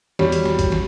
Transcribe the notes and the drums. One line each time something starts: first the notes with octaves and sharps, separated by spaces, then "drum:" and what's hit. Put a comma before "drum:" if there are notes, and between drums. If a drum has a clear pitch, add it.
E2 G3 F#4 C#5, drum: snare
drum: hi-hat
drum: snare
drum: kick, hi-hat
drum: snare